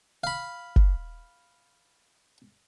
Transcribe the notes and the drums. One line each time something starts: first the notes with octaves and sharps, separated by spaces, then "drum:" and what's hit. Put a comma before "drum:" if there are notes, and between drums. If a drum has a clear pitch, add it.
F5 B5
drum: kick